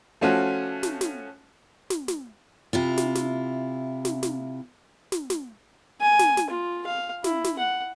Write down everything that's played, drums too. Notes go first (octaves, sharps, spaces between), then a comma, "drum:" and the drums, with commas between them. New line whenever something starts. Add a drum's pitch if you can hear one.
F3 A3 C#4 F4 F#4
drum: snare
drum: snare
drum: snare
drum: snare
C3 E4 F4
drum: snare
drum: snare
drum: snare
drum: snare
drum: snare
drum: snare
G#5
drum: snare
drum: snare
F4
F5
E4, drum: snare
drum: snare
F#5